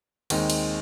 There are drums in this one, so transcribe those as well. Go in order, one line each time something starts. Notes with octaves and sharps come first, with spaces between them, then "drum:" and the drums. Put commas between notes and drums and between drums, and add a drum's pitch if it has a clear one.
D#2 D#3 G#3 C4, drum: cymbal
drum: cymbal